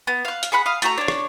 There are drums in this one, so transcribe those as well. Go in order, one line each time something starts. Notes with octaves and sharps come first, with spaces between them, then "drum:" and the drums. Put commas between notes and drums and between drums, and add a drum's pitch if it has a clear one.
B3
F5 F#6
drum: hi-hat
G#4 F#5 B5 F#6
F5 D#6
A3 F#4 A#5, drum: hi-hat
D4 C#5
drum: rim click